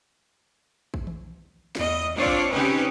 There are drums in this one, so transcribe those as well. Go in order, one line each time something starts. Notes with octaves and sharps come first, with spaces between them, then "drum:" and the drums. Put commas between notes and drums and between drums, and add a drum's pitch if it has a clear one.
drum: kick
drum: tom D#3
E2 D#5, drum: snare
C4 D4 F4 C#5 D5
drum: kick
C#3 C4 C#4 D#4 G4 B4